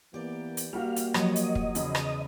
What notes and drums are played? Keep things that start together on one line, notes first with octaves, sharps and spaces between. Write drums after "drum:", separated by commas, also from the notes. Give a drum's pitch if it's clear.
E3 A#3 B3 G4 D5
drum: hi-hat
G3 A#3 F#4 F5
drum: hi-hat
F3 F#3 D#5, drum: rim click
drum: hi-hat
drum: kick
E2 C#3, drum: hi-hat
drum: rim click